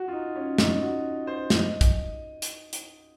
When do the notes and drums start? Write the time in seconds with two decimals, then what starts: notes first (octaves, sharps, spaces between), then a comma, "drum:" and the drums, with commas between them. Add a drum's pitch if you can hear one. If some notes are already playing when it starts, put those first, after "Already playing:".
Already playing: F#4
0.08 F4
0.13 D#4
0.36 C#4
0.58 D#4, drum: snare
0.82 F#4
1.27 C5
1.50 D#5, drum: snare
1.81 drum: kick, hi-hat
2.42 drum: hi-hat
2.73 drum: hi-hat